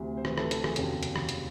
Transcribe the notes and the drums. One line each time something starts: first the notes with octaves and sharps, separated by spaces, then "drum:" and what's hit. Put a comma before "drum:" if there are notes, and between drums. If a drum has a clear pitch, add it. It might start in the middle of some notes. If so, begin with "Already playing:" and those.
Already playing: D2 C3 E3
C5
B4, drum: rim click
A4, drum: rim click
A4, drum: hi-hat
G#4, drum: rim click
F1 D#2 C#3 F#3 G4, drum: hi-hat
drum: hi-hat
drum: rim click
drum: hi-hat